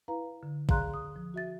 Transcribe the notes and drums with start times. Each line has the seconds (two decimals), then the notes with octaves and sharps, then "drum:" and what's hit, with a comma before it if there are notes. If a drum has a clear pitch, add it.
0.08 E4 B4 F5 A#5
0.43 D3
0.69 G#4 D5 F5 A#5 C6 F#6, drum: kick
0.94 D#6
1.16 F3
1.34 F#4 E5 A6